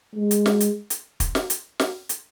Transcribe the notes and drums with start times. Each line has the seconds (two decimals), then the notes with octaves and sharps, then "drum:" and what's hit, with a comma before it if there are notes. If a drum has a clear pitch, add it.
0.16 G#3
0.31 drum: hi-hat
0.46 drum: snare
0.60 drum: hi-hat
0.90 drum: hi-hat
1.20 drum: kick, hi-hat
1.35 drum: snare
1.50 drum: hi-hat
1.80 drum: snare
2.09 drum: hi-hat